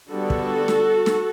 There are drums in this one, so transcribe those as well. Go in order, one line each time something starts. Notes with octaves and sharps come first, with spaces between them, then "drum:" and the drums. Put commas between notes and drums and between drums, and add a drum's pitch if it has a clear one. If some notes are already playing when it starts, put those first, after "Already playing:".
D3 G3 B3 D4 F#4 A4
drum: kick
drum: snare
drum: snare